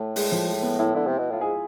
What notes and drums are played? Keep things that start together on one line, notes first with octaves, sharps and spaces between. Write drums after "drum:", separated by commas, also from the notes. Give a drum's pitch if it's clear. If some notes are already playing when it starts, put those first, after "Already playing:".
Already playing: A2 A3
G#3, drum: open hi-hat
F3
G#3
B3
A2 E4
D3 E4
C3
B2
A2 F4
G#2 G#4